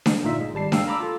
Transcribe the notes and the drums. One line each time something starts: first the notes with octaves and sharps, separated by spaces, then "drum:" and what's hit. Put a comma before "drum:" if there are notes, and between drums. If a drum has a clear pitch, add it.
drum: snare D4
G1 A#2 D#4 F4 E5
G#3
G#1 G3 A5 C7
F5 G5 A5 E6, drum: snare D4
A#5 B5 D6 E6
F4 A4